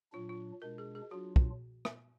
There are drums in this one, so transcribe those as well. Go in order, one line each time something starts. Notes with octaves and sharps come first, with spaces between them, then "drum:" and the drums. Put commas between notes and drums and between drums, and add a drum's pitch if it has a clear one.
A#2 F#3 D4 F4
F4
B2 G#3 D4 A#4
G#4
G#4
F#3 D4 F4 F#4
drum: kick
drum: rim click